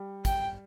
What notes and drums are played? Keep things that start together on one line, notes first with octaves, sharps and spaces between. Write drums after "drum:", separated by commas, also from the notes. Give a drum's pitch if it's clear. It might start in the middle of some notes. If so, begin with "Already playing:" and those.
Already playing: G3
G5, drum: kick, hi-hat